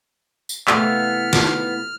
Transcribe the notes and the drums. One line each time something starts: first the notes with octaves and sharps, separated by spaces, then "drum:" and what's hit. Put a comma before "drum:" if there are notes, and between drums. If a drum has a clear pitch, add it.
drum: tambourine
C3 E3 A3 B3 F5 E6 F6, drum: clap
drum: snare